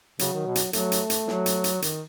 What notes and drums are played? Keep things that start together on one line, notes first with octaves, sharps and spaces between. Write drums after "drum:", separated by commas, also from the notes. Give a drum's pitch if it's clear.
C#3 F#3, drum: hi-hat
D#3
B2
drum: hi-hat
F#3 A3, drum: hi-hat
drum: hi-hat
drum: hi-hat
F#3, drum: snare
drum: hi-hat
drum: hi-hat
D#3, drum: hi-hat